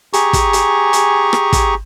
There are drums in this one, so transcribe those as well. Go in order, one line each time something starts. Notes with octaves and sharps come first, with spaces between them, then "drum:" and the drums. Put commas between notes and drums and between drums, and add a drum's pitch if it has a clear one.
G4 G#4 G#5 A#5 C#6, drum: hi-hat
drum: kick, hi-hat
drum: hi-hat
drum: hi-hat
drum: rim click
drum: kick, hi-hat